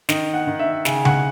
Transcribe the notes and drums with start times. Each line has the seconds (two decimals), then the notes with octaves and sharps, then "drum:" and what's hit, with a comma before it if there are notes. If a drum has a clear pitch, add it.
0.09 D#3 D#5, drum: snare
0.34 F#5
0.47 D#3
0.59 E5
0.85 C#3, drum: snare
1.05 F#5, drum: tom C#3